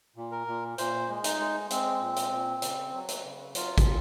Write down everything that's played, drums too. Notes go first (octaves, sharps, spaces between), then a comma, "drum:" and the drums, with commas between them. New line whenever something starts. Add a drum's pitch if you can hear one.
A#2
A#4
A#2
A#2 C5, drum: hi-hat
G#3
D#4, drum: hi-hat
G#3
G#3 C4, drum: hi-hat
A#2
drum: hi-hat
A#2
C#3, drum: hi-hat
F#3
drum: hi-hat
C#3
F#3 F4, drum: hi-hat
drum: kick, hi-hat